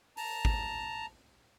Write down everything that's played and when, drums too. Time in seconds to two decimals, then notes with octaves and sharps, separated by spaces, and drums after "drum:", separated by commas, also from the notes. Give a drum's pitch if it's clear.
0.17 A5 A#5, drum: open hi-hat
0.45 drum: kick G#1